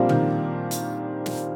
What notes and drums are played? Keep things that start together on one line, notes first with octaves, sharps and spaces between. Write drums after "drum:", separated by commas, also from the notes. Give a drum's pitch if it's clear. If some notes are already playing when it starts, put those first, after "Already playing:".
Already playing: A#2 F3 G3 A#3 C4 D4 F4
D#3, drum: tom
drum: hi-hat
drum: snare